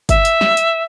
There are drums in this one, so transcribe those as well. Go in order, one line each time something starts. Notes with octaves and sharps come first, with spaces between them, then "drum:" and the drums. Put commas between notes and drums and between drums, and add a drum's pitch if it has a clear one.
E5, drum: kick G1, hi-hat
drum: hi-hat
drum: snare
drum: hi-hat